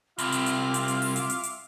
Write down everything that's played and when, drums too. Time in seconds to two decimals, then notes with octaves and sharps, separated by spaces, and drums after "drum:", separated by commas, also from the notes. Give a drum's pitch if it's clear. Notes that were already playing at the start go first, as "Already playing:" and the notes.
0.18 C2 C4 F4 E5 F5 D6, drum: hi-hat
0.32 drum: hi-hat
0.46 drum: hi-hat
0.74 drum: hi-hat
0.88 drum: hi-hat
1.02 drum: open hi-hat
1.16 drum: hi-hat
1.30 drum: hi-hat
1.43 drum: hi-hat